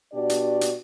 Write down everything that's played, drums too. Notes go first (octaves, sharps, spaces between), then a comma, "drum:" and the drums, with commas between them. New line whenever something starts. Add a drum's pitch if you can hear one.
B2 D4 F#4 G4 D5
drum: hi-hat
drum: hi-hat